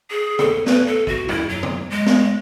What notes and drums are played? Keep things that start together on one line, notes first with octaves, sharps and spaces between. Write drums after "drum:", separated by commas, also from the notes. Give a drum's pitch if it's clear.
G#4
A4, drum: tom C3
B4, drum: snare
A4
F#4, drum: kick A1
E4, drum: tom E2
F#3
drum: tom C3
G#3
drum: snare